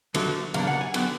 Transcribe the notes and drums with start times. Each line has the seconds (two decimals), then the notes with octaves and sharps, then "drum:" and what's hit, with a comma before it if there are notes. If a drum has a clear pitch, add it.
0.14 D#2 D3 F#3 A3, drum: cymbal
0.54 E2 C#3 F#3 A#3 D4 F5, drum: cymbal
0.67 F#5
0.81 G#5
0.94 D3 F#3 B3 G5, drum: cymbal